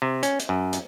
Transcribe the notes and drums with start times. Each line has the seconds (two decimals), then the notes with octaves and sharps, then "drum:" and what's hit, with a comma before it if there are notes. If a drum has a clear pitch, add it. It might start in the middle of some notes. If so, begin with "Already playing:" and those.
0.02 C3
0.23 C#4, drum: hi-hat
0.39 drum: hi-hat
0.49 F#2
0.73 drum: hi-hat